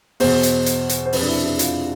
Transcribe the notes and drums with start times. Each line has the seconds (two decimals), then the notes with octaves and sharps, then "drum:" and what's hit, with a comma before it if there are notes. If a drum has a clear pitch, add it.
0.20 E2 B2 C5, drum: open hi-hat
0.43 drum: hi-hat
0.66 drum: hi-hat
0.89 drum: hi-hat
1.06 C5
1.13 F1 F2 C3 B4, drum: open hi-hat
1.22 D4
1.28 E4
1.43 E4
1.59 F4, drum: hi-hat